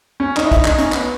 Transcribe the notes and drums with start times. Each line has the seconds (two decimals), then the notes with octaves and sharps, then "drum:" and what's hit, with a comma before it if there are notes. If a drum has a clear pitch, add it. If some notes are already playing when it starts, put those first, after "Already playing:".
0.20 C#4
0.37 D#4, drum: clap
0.46 E4
0.51 D#4, drum: kick, hi-hat
0.65 D#4, drum: clap
0.78 C#4, drum: hi-hat
0.92 B3, drum: clap